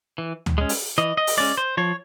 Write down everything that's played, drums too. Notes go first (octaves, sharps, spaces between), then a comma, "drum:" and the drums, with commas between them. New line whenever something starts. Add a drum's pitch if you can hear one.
E3
drum: tom D2
G#3 C#4
drum: open hi-hat
E3 D#5
D#5
drum: open hi-hat
G#3 C#4 D5
C5
F3 C#5